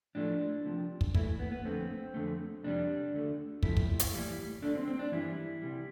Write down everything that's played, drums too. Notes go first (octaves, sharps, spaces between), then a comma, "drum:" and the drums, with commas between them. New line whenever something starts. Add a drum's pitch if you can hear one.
A2 F3 A3 D4
C2 C3 F3
drum: kick
A2 E3 A3 E4, drum: kick
B3
B3
F2 D3 A3 C4
F2 D3 A3
F2 C3 G3 D4
D2 D3 A3
D2 C3 F3 A3 E4, drum: kick
drum: kick
drum: hi-hat
A2 E3 G3
D2 D3 A3 D4
C4
C4
D4
G2 E3 G3 E4
C2 C3 E3 G3